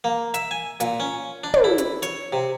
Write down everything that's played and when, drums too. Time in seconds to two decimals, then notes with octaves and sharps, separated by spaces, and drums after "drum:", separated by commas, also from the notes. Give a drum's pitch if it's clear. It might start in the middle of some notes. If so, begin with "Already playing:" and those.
0.04 A#3
0.34 E5, drum: hi-hat
0.51 G#5
0.80 A#2, drum: hi-hat
1.00 C#4
1.44 D4
1.54 drum: tom
1.64 E4
1.78 drum: hi-hat
2.02 C#5, drum: hi-hat
2.33 C3